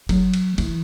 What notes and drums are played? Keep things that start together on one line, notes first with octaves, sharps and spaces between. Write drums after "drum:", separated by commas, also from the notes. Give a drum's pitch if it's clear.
F#3, drum: kick F#1, cymbal
drum: cymbal
E3, drum: cymbal